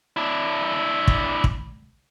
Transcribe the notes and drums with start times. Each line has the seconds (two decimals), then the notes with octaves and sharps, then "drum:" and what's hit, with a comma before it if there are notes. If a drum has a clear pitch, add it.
0.17 D4 E4
1.08 drum: kick
1.44 drum: kick